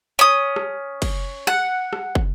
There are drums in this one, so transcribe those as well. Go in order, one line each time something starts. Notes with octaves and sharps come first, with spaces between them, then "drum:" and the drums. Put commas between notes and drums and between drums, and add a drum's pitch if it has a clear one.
C#4 D#6
drum: rim click
drum: kick, cymbal
F#5, drum: rim click
drum: rim click
drum: kick